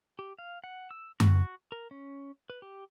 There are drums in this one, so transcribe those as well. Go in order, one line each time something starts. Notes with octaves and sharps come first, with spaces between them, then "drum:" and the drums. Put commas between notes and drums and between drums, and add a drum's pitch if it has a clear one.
G4
F5
F#5
E6
F#4, drum: tom F#2
A#4
C#4
B4
G4